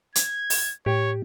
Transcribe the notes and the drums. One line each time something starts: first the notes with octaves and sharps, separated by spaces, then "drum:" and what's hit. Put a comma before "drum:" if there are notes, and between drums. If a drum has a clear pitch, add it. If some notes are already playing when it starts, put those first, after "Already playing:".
G#6, drum: hi-hat
drum: open hi-hat
A2 G4 C#5